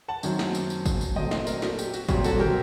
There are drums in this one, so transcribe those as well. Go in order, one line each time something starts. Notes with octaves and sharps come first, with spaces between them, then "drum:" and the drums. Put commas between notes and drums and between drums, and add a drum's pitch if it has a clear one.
F#5 A5
F#2 D#3 F#3 C4, drum: tambourine
drum: snare
drum: tambourine
drum: tambourine
drum: kick, tambourine
drum: tambourine
A#2 F#3 A3 C4 D#5 G5, drum: tom
C5 D#5, drum: snare
A#4 D5, drum: tambourine
F#4 A4, drum: snare
G4, drum: tambourine
F#4, drum: tambourine
C2 A#2 F#3 C4 G4, drum: kick, tambourine
F#4 A4, drum: tambourine
G4 A#4, drum: tom